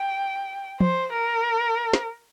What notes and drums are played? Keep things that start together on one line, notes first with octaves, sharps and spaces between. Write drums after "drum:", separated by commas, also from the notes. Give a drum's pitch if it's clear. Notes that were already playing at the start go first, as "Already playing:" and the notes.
Already playing: G5
C5, drum: tom F3
A#4
drum: snare